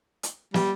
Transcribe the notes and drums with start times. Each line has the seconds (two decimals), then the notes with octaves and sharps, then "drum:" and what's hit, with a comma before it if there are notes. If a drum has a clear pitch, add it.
0.23 drum: hi-hat
0.54 G3, drum: snare